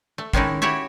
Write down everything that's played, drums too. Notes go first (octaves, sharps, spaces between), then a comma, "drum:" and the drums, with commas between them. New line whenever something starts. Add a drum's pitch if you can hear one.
A3
D#3 G#3 C#4 D#4 E4, drum: kick
E4 F#4 G4 C#5 E5